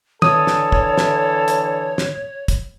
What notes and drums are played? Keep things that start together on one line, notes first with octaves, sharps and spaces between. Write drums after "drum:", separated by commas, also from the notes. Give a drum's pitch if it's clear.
D3 E3 A4 C#5 D#6, drum: tom D#3
drum: snare
drum: kick
drum: snare
drum: hi-hat
drum: snare
drum: kick, hi-hat